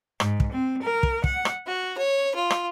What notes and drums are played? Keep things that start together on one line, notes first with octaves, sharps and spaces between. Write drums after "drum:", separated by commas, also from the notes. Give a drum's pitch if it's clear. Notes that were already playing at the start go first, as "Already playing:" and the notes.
G#2, drum: rim click
drum: kick
C4
A#4
drum: kick
F#5, drum: kick
drum: rim click
F#4
C#5
F4
drum: rim click